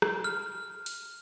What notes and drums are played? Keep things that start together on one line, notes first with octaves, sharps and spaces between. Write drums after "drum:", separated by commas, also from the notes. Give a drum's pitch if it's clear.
drum: rim click
F6
drum: open hi-hat